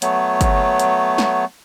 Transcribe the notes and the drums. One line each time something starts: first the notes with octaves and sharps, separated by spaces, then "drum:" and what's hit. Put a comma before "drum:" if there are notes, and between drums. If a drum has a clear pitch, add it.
F#3 A3 B3 C#5, drum: hi-hat
drum: kick, hi-hat
drum: hi-hat
drum: snare